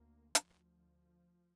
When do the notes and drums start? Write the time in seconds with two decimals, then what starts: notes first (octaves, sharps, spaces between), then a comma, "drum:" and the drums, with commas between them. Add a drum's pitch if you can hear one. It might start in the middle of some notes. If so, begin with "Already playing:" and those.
Already playing: D2 A#3
0.35 D2 F3, drum: hi-hat